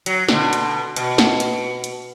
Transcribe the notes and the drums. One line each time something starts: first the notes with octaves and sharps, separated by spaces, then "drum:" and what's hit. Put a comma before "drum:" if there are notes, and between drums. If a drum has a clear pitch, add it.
F#3, drum: hi-hat
B2 D3, drum: snare
drum: hi-hat
B2, drum: hi-hat
drum: snare
drum: hi-hat
drum: hi-hat